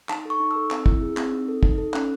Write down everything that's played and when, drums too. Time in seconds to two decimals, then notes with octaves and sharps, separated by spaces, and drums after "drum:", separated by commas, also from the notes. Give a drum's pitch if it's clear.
0.09 D#4 A5, drum: clap
0.25 A4 C#6
0.40 D#4
0.51 A4 E6
0.71 C4, drum: clap
0.86 E4, drum: kick
1.02 G#4
1.17 C4, drum: clap
1.33 D#4
1.48 A4
1.63 D#4, drum: kick
1.78 A4
1.94 C#4 F#6, drum: clap